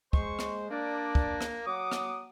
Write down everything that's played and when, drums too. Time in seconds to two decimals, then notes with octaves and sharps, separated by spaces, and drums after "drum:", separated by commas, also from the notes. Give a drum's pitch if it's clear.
0.13 G#3 C5 C#6, drum: kick
0.39 drum: rim click
0.70 A#3 D4 D5
1.15 drum: kick
1.41 drum: rim click
1.67 F#3 F#5 D6 D#6
1.92 drum: rim click